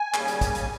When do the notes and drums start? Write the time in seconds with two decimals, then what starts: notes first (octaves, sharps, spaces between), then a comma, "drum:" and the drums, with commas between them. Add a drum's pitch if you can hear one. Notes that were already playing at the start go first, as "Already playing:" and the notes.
Already playing: G#5
0.14 D#2 C#3 G3, drum: clap
0.28 drum: hi-hat
0.41 drum: kick, hi-hat
0.55 drum: hi-hat